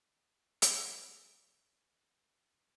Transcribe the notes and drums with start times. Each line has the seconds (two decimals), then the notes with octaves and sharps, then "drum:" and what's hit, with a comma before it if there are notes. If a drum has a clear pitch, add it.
0.16 D3
0.62 drum: hi-hat
1.48 F#2 F#4